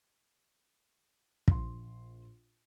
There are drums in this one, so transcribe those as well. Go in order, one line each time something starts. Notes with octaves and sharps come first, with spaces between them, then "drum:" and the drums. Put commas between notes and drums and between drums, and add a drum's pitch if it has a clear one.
A#1 C6, drum: kick